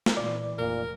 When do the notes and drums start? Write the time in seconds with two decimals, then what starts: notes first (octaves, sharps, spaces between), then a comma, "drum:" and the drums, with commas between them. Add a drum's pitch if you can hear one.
0.06 drum: snare
0.17 A#2 E3 D5
0.58 F1 A#2 A#4